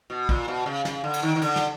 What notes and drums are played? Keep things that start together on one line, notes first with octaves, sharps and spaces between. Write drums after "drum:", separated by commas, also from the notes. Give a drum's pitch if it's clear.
B2
A#2, drum: kick
B2
C#3
C#3, drum: snare
D3
drum: cymbal
D#3
D#3
D3, drum: cymbal
drum: snare